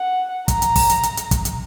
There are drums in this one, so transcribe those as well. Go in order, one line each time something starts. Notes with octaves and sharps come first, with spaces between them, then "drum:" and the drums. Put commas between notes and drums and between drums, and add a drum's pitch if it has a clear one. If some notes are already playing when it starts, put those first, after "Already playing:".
Already playing: F#5
A#5, drum: kick, hi-hat
drum: hi-hat
drum: kick, open hi-hat
drum: hi-hat
drum: hi-hat
drum: hi-hat
drum: kick, hi-hat
drum: hi-hat